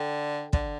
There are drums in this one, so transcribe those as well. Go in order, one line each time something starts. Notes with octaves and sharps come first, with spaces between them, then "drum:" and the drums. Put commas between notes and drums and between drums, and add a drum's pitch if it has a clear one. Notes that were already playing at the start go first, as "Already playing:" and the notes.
Already playing: D3 A4 D5 G5
D3, drum: kick